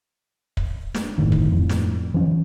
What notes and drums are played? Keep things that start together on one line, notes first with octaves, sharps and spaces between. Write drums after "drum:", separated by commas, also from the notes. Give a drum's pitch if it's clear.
drum: kick
drum: snare
G1 A2 D#3
drum: kick
F2 A2
drum: snare
E3 F3 C#4